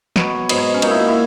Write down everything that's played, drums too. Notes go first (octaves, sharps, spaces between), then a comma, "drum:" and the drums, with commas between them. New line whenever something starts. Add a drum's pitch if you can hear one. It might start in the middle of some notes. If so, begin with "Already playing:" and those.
B2 F#3 B3 C#5, drum: snare
G#2 F#3 B3 D#5, drum: cymbal
C#5
C#4
A#2 A#3 D#4, drum: cymbal
E4
F#4
E4